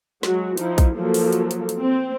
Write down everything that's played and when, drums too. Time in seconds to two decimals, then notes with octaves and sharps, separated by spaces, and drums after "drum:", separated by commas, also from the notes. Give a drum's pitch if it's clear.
0.23 F#3 G#3 F#4, drum: snare
0.57 F3 D#4 E4, drum: hi-hat
0.78 drum: kick A#1, hi-hat
0.95 F3 F#3 A#3 A4
1.14 drum: open hi-hat
1.33 drum: hi-hat
1.51 drum: hi-hat
1.69 drum: hi-hat
1.80 C4